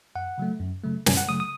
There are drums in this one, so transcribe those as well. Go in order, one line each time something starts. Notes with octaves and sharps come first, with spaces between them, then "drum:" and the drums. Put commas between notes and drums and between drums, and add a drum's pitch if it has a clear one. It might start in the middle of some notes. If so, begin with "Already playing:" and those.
F#2 F#5
C#3 F#3 A3
F#2
C#3 F#3 A3
F#2 G#5, drum: snare
F#5
C#3 F#3 A3 D#6
D#6